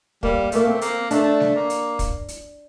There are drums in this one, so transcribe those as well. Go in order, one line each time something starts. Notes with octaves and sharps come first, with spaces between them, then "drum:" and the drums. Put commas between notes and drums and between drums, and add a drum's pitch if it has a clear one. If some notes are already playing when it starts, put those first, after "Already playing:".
G3 A#3, drum: kick
A3 A#3, drum: hi-hat
C4
A#3, drum: hi-hat
A3 D4, drum: hi-hat
drum: snare G3
A#3
drum: hi-hat
drum: kick, hi-hat
drum: hi-hat